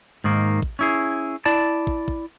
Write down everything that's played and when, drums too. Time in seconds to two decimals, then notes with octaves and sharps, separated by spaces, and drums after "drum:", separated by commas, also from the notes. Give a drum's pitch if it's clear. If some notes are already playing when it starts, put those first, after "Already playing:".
0.24 G#2 D#3 A#3
0.62 drum: kick
0.79 C#4 E4 G#4
1.45 E4 D5 A5
1.87 drum: kick
2.08 drum: kick